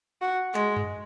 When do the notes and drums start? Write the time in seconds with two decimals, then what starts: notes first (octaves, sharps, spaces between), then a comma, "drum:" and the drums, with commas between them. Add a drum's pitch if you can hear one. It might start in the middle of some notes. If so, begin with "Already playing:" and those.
0.21 F#4
0.54 G#3, drum: clap
0.77 drum: tom F#2